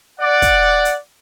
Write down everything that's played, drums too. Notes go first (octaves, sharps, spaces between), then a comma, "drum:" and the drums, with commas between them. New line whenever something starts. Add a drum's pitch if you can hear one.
D5 F#5
drum: kick, hi-hat
drum: hi-hat